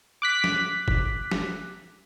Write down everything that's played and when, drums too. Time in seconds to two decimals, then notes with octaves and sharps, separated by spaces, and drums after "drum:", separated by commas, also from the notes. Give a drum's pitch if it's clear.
0.22 D6 F#6 B6
0.44 drum: snare F#3
0.88 drum: kick
1.31 drum: snare F#3